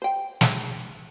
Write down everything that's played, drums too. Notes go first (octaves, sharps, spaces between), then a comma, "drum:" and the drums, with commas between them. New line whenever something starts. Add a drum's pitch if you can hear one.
C5 G5
drum: snare